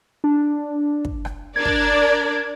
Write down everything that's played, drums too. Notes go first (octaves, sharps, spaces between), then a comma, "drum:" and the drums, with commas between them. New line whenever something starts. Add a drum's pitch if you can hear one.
D4
drum: kick
drum: rim click
D4 A#4 D5 G#6
drum: kick